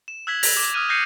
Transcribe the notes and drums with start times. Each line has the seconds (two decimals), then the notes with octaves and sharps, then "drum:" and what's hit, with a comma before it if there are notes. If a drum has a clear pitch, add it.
0.08 E7
0.27 E6 F#6 G#6 B6 F#7
0.43 A#6 B6 F7 F#7, drum: open hi-hat
0.57 D6
0.74 D#6 F6 F#6 D#7
0.89 F#6 G6 A#6 C7 C#7 D#7